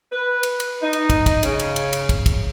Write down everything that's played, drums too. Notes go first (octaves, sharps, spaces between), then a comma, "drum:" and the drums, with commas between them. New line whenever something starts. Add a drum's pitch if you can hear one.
B4
drum: cymbal
drum: cymbal
D#4
drum: cymbal
drum: kick, cymbal
drum: kick, cymbal
C#3, drum: cymbal
drum: cymbal
drum: cymbal
drum: cymbal
drum: kick, cymbal
drum: kick, cymbal